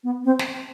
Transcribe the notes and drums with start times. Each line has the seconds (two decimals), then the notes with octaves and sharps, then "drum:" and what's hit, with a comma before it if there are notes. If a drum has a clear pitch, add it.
0.04 B3
0.25 C4
0.39 drum: snare